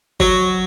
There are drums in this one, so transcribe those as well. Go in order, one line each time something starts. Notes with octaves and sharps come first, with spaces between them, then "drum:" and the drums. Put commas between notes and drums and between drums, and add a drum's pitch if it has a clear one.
F#3, drum: kick G1